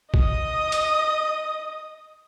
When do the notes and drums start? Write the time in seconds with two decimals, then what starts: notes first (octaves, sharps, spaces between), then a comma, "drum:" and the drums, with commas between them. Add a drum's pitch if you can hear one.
0.14 D#5 D#6, drum: kick
0.72 drum: hi-hat